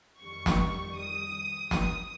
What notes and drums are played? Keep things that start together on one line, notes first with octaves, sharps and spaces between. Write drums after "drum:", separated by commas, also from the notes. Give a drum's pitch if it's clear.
F2 D#3 G3 C#6
drum: snare
D#6
D#6, drum: snare